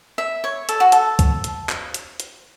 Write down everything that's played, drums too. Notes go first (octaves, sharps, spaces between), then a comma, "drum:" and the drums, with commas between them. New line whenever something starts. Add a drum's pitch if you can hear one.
E5
C#5
A4, drum: hi-hat
F#4
A4, drum: hi-hat
drum: kick C2, hi-hat
drum: hi-hat
drum: clap
drum: hi-hat
drum: hi-hat